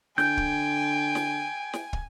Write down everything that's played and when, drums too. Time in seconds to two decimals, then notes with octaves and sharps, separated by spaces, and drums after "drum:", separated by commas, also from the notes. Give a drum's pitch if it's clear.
0.18 D3 G5 G#5 G6, drum: snare
0.37 drum: kick
1.15 drum: snare
1.73 drum: snare
1.93 drum: kick